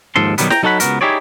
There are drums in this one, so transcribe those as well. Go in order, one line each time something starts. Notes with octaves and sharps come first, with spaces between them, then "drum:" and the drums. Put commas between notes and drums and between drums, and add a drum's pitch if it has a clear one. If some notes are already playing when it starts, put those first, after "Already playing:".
D#2 G#2 F3 A4 C6
B1 E2 D#3 F#3 G3 B3, drum: hi-hat
G5 A#5, drum: snare
F#3 D#4 A4 C#5 F#5 B5
C#2 A#2 B3 F#4 A#4, drum: hi-hat
D#4 E4 G4 G#4 C#5 D5